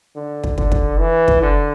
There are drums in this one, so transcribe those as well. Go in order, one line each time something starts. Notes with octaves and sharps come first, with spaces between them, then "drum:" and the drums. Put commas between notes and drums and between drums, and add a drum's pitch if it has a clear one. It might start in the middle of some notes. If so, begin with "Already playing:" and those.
D3
drum: kick
D3, drum: kick
drum: kick
E3
drum: kick
D3